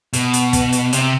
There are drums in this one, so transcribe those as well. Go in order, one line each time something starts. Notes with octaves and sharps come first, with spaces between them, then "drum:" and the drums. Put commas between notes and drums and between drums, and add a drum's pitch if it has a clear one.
B2, drum: hi-hat
drum: hi-hat
drum: kick, hi-hat
drum: hi-hat
C3, drum: hi-hat